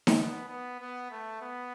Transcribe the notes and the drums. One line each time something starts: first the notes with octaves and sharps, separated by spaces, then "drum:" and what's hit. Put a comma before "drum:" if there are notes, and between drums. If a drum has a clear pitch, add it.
drum: snare D#4
B3
B3
B3
A3
B3